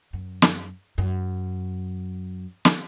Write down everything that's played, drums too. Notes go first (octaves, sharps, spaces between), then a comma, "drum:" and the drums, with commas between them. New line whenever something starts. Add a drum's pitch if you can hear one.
F#2
drum: snare
F#2
drum: snare